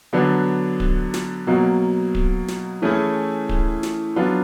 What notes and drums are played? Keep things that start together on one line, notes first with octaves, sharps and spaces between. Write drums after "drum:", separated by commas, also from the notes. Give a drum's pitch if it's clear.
D3 F#3 B3 D4
drum: kick D1
drum: snare
B2 F#3 A#3
drum: kick D1
drum: snare
E3 A3 C#4 E4 G#4
drum: kick D1
drum: snare
F#3 B3 D4 F4